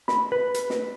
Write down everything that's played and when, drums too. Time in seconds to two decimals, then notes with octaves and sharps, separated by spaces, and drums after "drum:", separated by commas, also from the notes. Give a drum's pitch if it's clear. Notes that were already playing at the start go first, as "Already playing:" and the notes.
0.08 B5, drum: snare
0.32 B4
0.54 drum: hi-hat
0.70 drum: snare